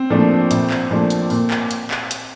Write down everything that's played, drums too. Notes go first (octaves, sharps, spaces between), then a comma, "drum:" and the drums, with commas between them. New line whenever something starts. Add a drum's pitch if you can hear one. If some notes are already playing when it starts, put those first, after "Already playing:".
Already playing: C4
A#2 F3 A3 D4
A#1, drum: hi-hat
drum: clap
A#2 F3 A3 D4
drum: hi-hat
A#2, drum: open hi-hat
drum: clap
drum: hi-hat
drum: clap
drum: hi-hat